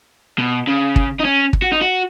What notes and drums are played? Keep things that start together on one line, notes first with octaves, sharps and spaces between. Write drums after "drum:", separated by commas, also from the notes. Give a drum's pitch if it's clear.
B2
C#3
drum: kick
D#4
C#4
drum: kick
F#4
D#4
F#4